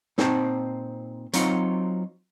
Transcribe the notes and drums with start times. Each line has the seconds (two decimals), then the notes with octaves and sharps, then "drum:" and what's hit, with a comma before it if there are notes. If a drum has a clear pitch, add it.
0.18 A#2 C4 D#4 C5 A5, drum: snare
1.33 F#3 C4 D#4 F4 C#5, drum: hi-hat